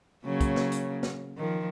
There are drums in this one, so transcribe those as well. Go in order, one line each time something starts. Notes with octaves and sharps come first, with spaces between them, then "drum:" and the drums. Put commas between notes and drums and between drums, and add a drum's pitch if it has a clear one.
C#3 F#3 A#3
drum: kick, hi-hat
drum: snare
drum: hi-hat
drum: snare
D#3 F3